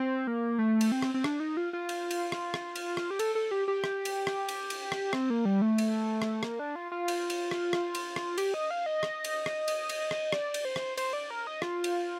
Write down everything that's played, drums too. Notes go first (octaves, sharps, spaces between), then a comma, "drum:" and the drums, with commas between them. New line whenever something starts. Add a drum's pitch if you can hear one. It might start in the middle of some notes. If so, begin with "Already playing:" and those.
Already playing: C4
A#3
A3
drum: cymbal
C4
drum: rim click
C4
D4, drum: rim click
D#4
F4
F4
drum: cymbal
drum: cymbal
drum: rim click
drum: rim click
drum: cymbal
drum: rim click
G4
A4, drum: cymbal
A4
G4
G4
drum: rim click
drum: cymbal
drum: rim click
drum: cymbal
drum: cymbal
drum: rim click
C4, drum: rim click
A#3
G3
A3
drum: cymbal
drum: rim click
A#3, drum: rim click
D4
F4
F4
drum: cymbal
drum: cymbal
drum: rim click
drum: rim click
drum: cymbal
drum: rim click
G4, drum: cymbal
D#5
F5
D#5
drum: rim click
drum: cymbal
drum: rim click
drum: cymbal
drum: cymbal
drum: rim click
D5, drum: rim click
drum: cymbal
C5
drum: rim click
C5, drum: cymbal
D5
A#4
D#5
F4, drum: rim click
drum: cymbal